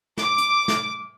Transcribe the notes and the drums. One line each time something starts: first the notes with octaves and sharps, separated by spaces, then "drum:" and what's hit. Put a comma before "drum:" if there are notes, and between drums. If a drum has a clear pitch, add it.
D6, drum: snare
drum: hi-hat
drum: snare